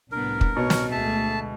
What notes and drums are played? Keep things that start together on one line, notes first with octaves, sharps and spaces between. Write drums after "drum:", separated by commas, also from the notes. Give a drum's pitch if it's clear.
C2 A2 B3 D4 A#4
drum: kick
B2 D#3 C#5
drum: snare
D2 G#3 A3 G#4 E5 A5